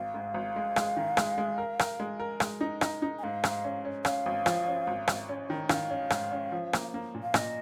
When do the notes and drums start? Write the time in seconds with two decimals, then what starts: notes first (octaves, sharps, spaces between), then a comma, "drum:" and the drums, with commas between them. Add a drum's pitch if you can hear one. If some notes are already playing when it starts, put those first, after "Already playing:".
Already playing: G#1 F5
0.14 G#2
0.34 G#1
0.56 G#3
0.76 G#3, drum: rim click
0.97 D#3
1.17 G#3, drum: rim click
1.38 G#3
1.58 A#4
1.79 A#4, drum: rim click
2.00 G#3
2.20 A#4
2.40 G#3, drum: rim click
2.61 D#4
2.81 D#4, drum: rim click
3.02 D#4
3.19 G#5
3.23 G#2 F5
3.44 G#2, drum: rim click
3.64 C#4
3.85 C#4
4.05 C#4 F5, drum: rim click
4.26 G#1
4.46 F3, drum: rim click
4.68 C#4
4.87 G#1
5.08 G#1, drum: rim click
5.29 C#4
5.50 D#3
5.69 D#3 F5, drum: rim click
5.90 C#4
6.10 G#2, drum: rim click
6.32 C#4
6.52 F3
6.73 A#3, drum: rim click
6.94 A#3
7.15 A#2
7.23 F5
7.34 A#2 D#5, drum: rim click